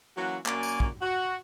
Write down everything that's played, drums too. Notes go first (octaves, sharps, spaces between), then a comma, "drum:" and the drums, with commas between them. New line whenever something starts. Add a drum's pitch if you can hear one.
E3 F#3 A#3 C#4 F#4
F#2 A#3 F#4 D5 G#5, drum: clap
drum: tambourine
drum: kick
F#4